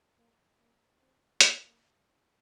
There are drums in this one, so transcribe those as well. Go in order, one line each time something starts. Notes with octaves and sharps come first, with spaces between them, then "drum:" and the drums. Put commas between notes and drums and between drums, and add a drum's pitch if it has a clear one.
A#3
A#3
C4
A#3, drum: hi-hat